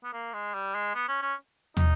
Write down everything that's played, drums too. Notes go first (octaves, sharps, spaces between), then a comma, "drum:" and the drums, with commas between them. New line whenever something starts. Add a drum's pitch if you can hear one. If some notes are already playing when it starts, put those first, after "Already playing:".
B3
A#3
G#3
G3
G#3
B3
C#4
C#4
D#4, drum: tom